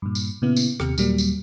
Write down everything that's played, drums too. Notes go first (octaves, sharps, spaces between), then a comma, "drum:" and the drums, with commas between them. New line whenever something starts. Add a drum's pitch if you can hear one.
G2 A#2
drum: tambourine
A#2 C#3 B3 E4
drum: tambourine
D#2 C3 G4 F6 C#7, drum: rim click
D#2 A#2 F#3 G3 A#3, drum: tambourine
drum: tambourine